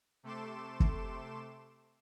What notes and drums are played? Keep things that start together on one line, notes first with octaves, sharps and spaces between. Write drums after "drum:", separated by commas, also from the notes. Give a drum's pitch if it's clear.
C3 A3 A4 C6 D6 E7
drum: kick